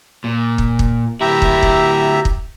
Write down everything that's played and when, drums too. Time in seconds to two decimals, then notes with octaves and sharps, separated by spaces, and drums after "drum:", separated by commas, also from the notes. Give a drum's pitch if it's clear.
0.24 A#2
0.58 drum: kick
0.79 drum: kick
1.21 D2 E4 G4 E5 A#5
1.42 drum: kick
1.63 drum: kick
2.25 drum: kick